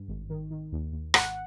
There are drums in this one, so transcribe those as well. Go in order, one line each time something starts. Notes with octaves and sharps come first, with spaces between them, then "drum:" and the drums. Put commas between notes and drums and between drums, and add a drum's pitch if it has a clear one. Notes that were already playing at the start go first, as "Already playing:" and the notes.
Already playing: G2
G#1
D#3
D#3
D#2
D#2
G#1 F#5, drum: rim click